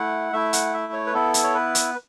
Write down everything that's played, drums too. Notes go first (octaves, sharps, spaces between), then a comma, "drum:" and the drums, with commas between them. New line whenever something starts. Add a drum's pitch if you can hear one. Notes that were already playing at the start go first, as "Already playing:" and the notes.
Already playing: A3 E4 F#5
A3 E4 E5
F#5, drum: hi-hat
E5
C#5
B4
B3 E4 A4
drum: hi-hat
C#5
B4
drum: hi-hat